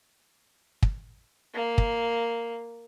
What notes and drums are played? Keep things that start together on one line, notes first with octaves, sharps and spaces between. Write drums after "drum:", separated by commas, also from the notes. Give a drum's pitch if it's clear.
drum: kick
A#3
drum: kick